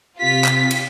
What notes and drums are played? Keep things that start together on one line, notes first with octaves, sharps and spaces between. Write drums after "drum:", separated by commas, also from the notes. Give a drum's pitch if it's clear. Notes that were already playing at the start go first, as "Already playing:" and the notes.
C3 C4 F4 G4 B6
drum: clap
drum: cymbal